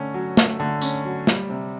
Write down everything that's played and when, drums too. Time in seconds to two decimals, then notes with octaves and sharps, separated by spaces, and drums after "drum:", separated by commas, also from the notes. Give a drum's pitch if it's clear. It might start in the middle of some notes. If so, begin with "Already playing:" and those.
Already playing: D3 A3 C#4
0.14 F#3
0.37 A3, drum: snare
0.60 D3
0.82 C#4, drum: tambourine
1.05 F#3
1.27 G3, drum: snare
1.50 C3